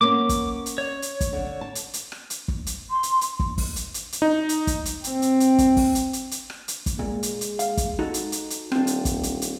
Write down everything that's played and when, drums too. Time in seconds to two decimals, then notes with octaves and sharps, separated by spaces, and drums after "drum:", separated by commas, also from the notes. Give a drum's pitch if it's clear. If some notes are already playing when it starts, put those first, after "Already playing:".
0.01 A#3 B3 C#4 D6
0.29 drum: kick, hi-hat
0.66 drum: hi-hat
0.78 C#5
1.02 drum: hi-hat
1.21 drum: kick, hi-hat
1.33 D3
1.61 A5
1.75 drum: hi-hat
1.94 drum: hi-hat
2.12 drum: rim click
2.30 drum: hi-hat
2.48 drum: kick
2.67 drum: hi-hat
2.91 C6
3.03 drum: hi-hat
3.21 drum: hi-hat
3.39 drum: kick
3.58 drum: kick, open hi-hat
3.76 drum: hi-hat
3.94 drum: hi-hat
4.12 drum: hi-hat
4.22 D#4
4.49 drum: hi-hat
4.67 drum: kick, hi-hat
4.85 drum: hi-hat
5.04 C4, drum: hi-hat
5.22 drum: hi-hat
5.40 drum: hi-hat
5.58 drum: kick, hi-hat
5.77 drum: kick, open hi-hat
5.95 drum: hi-hat
6.13 drum: hi-hat
6.31 drum: hi-hat
6.50 drum: rim click
6.68 drum: hi-hat
6.86 drum: kick, hi-hat
6.99 A#2 G#3
7.23 drum: hi-hat
7.41 drum: hi-hat
7.59 F5, drum: hi-hat
7.77 drum: kick, hi-hat
7.99 D#4 F#4 A4
8.14 drum: hi-hat
8.32 drum: hi-hat
8.50 drum: hi-hat
8.72 D#1 C4 D4, drum: rim click
8.87 drum: hi-hat
9.05 drum: kick, hi-hat
9.23 drum: hi-hat
9.42 drum: hi-hat